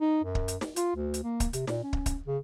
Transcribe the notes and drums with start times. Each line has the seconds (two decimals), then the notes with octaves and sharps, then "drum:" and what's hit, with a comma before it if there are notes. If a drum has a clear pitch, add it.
0.01 D#4
0.24 F#2
0.35 drum: kick
0.48 drum: hi-hat
0.61 drum: snare
0.76 F4, drum: hi-hat
0.96 D2
1.14 drum: hi-hat
1.24 A#3
1.40 drum: kick, hi-hat
1.53 C3, drum: hi-hat
1.67 A#2, drum: snare
1.83 C#4
1.93 drum: kick
2.06 drum: kick, hi-hat
2.27 C#3